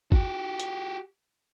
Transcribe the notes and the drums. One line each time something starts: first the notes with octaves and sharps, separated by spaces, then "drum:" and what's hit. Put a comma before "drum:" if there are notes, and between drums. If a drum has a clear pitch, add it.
F#4 G4, drum: kick G1
drum: hi-hat